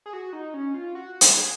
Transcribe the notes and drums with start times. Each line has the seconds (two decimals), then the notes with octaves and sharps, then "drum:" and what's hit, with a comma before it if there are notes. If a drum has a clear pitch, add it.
0.06 G#4
0.13 F#4
0.33 D#4
0.54 C#4
0.74 F4
0.95 F#4
1.21 drum: hi-hat
1.37 G#4